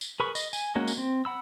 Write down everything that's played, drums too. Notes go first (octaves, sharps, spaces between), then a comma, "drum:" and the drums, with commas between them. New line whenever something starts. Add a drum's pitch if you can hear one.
drum: tambourine
G#4 A#4 B4 B5 C#6
D#5, drum: tambourine
G#5, drum: tambourine
G#3 A#3 C#4 F#4
drum: tambourine
C4
F#5 B5 E6